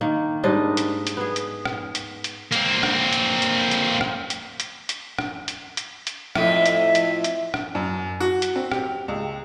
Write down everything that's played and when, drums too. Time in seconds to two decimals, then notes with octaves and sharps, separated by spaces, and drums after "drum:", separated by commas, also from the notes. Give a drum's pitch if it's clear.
0.01 D#3 A#3
0.43 G#2 G3 D4 D#5
0.77 drum: hi-hat
1.07 drum: hi-hat
1.17 B3 G#4
1.36 drum: hi-hat
1.65 drum: rim click
1.95 drum: hi-hat
2.24 drum: hi-hat
2.52 A#3 C4, drum: hi-hat
2.83 drum: rim click
3.13 drum: hi-hat
3.42 drum: hi-hat
3.71 drum: hi-hat
4.01 drum: rim click
4.30 drum: hi-hat
4.60 drum: hi-hat
4.89 drum: hi-hat
5.18 drum: rim click
5.48 drum: hi-hat
5.77 drum: hi-hat
6.07 drum: hi-hat
6.35 F2 A2 C4 E5, drum: rim click
6.66 drum: hi-hat
6.95 drum: hi-hat
7.24 drum: hi-hat
7.54 drum: rim click
7.75 F#2
8.20 F#4
8.42 drum: hi-hat
8.56 C4
8.72 G4, drum: rim click
9.08 C#2